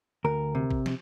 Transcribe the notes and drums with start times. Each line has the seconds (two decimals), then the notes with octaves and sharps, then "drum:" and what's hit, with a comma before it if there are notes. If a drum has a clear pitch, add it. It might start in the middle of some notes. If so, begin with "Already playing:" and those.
0.24 D2 A#4
0.55 C3
0.71 drum: kick
0.86 drum: snare